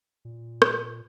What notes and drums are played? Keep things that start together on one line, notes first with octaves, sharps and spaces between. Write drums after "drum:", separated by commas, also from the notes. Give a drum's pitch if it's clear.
A#2
drum: rim click